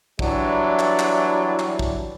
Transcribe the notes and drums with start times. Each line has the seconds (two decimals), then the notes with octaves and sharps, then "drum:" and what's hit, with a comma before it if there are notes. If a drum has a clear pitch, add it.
0.19 E3 F#3 G3 D4 E4, drum: kick
0.79 drum: clap
0.99 drum: clap
1.59 drum: clap
1.79 drum: kick